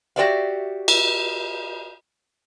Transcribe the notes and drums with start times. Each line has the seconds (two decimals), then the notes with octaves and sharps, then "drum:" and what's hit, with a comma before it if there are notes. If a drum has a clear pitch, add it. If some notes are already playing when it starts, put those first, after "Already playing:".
0.16 F#4 G4 B4 D5 E5 F5
0.88 drum: cymbal